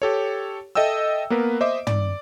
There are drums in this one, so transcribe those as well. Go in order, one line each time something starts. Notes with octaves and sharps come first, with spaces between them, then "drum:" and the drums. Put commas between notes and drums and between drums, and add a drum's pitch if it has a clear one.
G4 A4 C#5
A4 D#5 E5 G5 E6
A#3 B3 A#4 B4
C5 D#5 E5 D6
D5, drum: tom